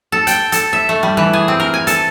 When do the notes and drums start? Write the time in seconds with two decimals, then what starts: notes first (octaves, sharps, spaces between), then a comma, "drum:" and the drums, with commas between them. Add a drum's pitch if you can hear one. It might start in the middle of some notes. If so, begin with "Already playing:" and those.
0.12 A4
0.27 G5, drum: hi-hat
0.52 A4, drum: hi-hat
0.73 E5
0.89 A3
1.03 G3
1.17 E3
1.33 G#4
1.48 C4
1.60 A#4
1.74 G#5
1.87 A4, drum: hi-hat